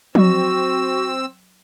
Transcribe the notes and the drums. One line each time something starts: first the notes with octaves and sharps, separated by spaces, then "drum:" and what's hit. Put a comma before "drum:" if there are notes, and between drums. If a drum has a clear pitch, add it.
F#3 C4 F#4 E6, drum: tom F3